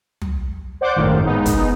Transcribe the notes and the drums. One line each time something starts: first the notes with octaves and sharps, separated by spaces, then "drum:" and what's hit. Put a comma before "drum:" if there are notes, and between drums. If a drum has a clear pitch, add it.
drum: tom
C5 D5 F#5 D6 G6
G#1 F#2 A2 D#3 F5
G#3 B3 D#4
drum: kick, hi-hat